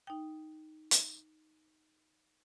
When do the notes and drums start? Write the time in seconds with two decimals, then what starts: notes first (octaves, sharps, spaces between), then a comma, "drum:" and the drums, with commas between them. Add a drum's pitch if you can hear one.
0.07 D#4 G5
0.91 drum: hi-hat